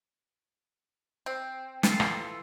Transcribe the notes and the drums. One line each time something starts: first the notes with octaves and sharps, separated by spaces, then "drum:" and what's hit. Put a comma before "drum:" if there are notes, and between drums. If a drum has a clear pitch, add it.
C4
E3 F4 A4, drum: snare
drum: rim click